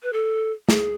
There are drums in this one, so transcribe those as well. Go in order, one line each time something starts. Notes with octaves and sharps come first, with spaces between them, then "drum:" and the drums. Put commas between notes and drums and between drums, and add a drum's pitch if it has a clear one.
B4
A4
G#4, drum: snare